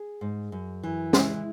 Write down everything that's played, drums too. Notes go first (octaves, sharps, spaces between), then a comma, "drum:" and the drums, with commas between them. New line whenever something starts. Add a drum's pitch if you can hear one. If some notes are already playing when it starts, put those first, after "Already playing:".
Already playing: G#4
G#2
F#2
E3
G#3 E4, drum: snare